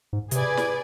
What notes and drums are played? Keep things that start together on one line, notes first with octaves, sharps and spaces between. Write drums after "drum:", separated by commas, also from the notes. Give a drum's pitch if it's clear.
G#2
C3 G#4 B4 D5 G#5, drum: hi-hat
drum: snare